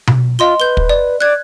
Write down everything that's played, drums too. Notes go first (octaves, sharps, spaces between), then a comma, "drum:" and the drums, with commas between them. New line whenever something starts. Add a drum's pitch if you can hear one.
drum: tom B2
F4 D#5 C6 G7
B4 G6 G7
drum: kick
D5
D5 F#6 G#6